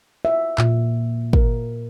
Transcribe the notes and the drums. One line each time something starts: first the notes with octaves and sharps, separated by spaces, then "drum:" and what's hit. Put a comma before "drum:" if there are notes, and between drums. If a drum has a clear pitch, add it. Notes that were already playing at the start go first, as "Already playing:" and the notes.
E5
A#2, drum: clap
A#4, drum: kick